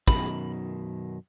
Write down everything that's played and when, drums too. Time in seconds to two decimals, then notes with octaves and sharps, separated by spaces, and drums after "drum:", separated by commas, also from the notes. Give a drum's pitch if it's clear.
0.08 F#2 B2 D#3 B5, drum: kick